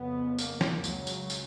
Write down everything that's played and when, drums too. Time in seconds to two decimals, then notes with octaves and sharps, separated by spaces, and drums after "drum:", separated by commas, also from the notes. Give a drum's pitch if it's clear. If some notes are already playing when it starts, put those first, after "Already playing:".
Already playing: F2 C#3 B3
0.38 A#3, drum: tambourine
0.61 drum: snare
0.84 C#2 C#3 F#3, drum: tambourine
1.07 drum: tambourine
1.30 drum: tambourine